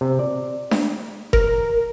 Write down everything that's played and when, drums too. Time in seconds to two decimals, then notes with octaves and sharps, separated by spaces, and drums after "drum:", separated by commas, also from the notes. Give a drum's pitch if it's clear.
0.01 C3
0.19 D5
0.71 drum: snare D4
1.33 A#4, drum: kick F#1